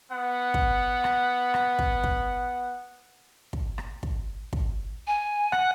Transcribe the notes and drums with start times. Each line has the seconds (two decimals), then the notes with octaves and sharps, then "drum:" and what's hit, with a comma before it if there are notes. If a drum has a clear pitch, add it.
0.11 B3 F#5
0.54 drum: kick
1.04 drum: rim click
1.54 drum: rim click
1.79 drum: kick
2.04 drum: kick
3.53 drum: kick
3.78 drum: rim click
4.03 drum: kick
4.53 drum: kick
5.07 G#5
5.52 F#5, drum: rim click